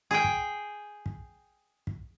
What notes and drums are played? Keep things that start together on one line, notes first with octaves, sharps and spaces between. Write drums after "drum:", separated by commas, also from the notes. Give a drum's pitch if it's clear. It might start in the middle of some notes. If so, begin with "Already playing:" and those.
G#4 G5
drum: kick
drum: kick
drum: kick